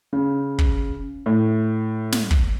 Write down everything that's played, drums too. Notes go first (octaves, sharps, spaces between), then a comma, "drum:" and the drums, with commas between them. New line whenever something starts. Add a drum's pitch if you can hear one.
C#3
drum: kick
A2
drum: snare
drum: kick